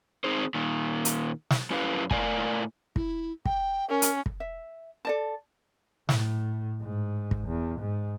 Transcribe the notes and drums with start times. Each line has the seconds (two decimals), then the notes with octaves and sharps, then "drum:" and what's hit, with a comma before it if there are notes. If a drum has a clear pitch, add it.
0.24 C4 D#4 G#4 C5
0.54 A#2 D#3
1.05 drum: hi-hat
1.50 drum: snare
1.70 F#2 C#4 E4 G4 B4 F5
2.11 A2 A#4 D5 F5 G#5, drum: kick
2.96 E4, drum: kick
3.45 G5, drum: kick
3.90 C#4 A#4
4.02 drum: hi-hat
4.26 drum: kick
4.40 E5
5.05 A4 D5 A5
6.09 A2, drum: snare
6.81 G#2
7.31 drum: kick
7.47 E2
7.79 G#2